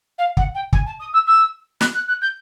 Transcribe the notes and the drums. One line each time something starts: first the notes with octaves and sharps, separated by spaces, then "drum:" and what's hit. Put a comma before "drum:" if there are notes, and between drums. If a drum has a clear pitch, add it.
F5
F#5, drum: kick
G5
G#5, drum: kick
A5
D#6
E6
E6
F#6, drum: snare
F#6
F#6
G6